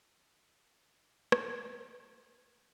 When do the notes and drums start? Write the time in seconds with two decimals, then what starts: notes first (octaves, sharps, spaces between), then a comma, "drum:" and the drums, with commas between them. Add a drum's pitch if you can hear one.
0.25 F5 B5 D6 A6 C7 C#7
1.32 drum: rim click